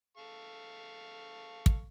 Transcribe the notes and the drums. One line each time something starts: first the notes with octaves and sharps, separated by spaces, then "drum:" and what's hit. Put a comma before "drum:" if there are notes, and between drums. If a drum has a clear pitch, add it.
A4 F5 C#6
drum: kick